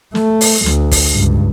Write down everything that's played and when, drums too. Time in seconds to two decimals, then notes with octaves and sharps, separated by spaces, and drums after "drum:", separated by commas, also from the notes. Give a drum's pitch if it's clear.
0.15 A3, drum: snare
0.41 drum: open hi-hat
0.66 D2, drum: snare
0.91 drum: kick, open hi-hat
1.14 C#2 G2